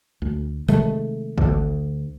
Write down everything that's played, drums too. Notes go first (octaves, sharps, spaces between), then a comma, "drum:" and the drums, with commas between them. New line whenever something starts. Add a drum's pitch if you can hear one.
D2
C3 D#3 G#3 A3, drum: tambourine
D2, drum: kick G#1